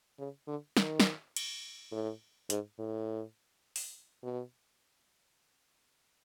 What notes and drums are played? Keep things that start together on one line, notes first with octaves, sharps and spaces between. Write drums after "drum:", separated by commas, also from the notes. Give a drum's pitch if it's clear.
C#3
D3
D#3, drum: snare
drum: snare
drum: cymbal
A2
G#2, drum: hi-hat
A2
drum: open hi-hat
B2